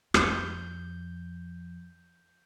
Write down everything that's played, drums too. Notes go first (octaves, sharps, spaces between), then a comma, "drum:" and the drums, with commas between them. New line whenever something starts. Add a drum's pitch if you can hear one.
F2 G6, drum: rim click